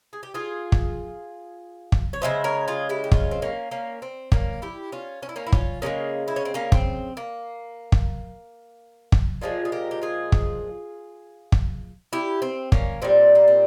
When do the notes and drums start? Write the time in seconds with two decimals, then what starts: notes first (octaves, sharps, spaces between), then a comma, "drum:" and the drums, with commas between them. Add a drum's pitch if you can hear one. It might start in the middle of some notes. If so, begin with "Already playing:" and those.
0.13 G#4
0.23 G4
0.34 F4 G#4
0.72 drum: kick
1.92 drum: kick
2.13 C#5
2.22 C#3 F3 G#3 C5 E5
2.44 A#4 C#5
2.68 F4 G#4
2.89 E4 G4
3.04 G4
3.12 C#4 F4, drum: kick
3.31 C4
3.42 A#3 C#4
3.71 A#3 C#4
4.02 C4
4.32 A#3 C#4, drum: kick
4.62 E4 G4
4.92 C#4 F4
5.23 C#4
5.29 E4
5.36 A#3 C#4
5.47 E4
5.52 C#4 F4, drum: kick
5.82 C#3 F3 G#3 A#3 C#4
6.28 E4
6.36 C#4
6.45 C4
6.54 A#3 C#4
6.72 C4, drum: kick
7.17 A#3
7.92 drum: kick
9.12 drum: kick
9.41 A#2 F3 G#3 F4 G#4
9.65 G#4
9.72 G4 A#4
9.91 G4
10.02 F4 G#4
10.32 drum: kick
11.52 drum: kick
12.13 E4 G4
12.42 C4
12.72 A#3 C#4, drum: kick
13.02 A#2 G3 C4
13.35 A#3
13.48 C4